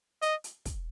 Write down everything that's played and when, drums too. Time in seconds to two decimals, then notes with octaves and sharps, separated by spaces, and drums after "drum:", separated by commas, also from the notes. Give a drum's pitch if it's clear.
0.22 D#5, drum: hi-hat
0.44 drum: hi-hat
0.65 drum: kick, hi-hat